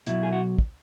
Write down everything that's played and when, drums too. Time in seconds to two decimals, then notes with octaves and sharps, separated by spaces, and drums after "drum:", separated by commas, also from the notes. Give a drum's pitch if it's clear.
0.06 B1 B2 F#3 E4, drum: hi-hat
0.23 G#4
0.33 F#4
0.58 drum: kick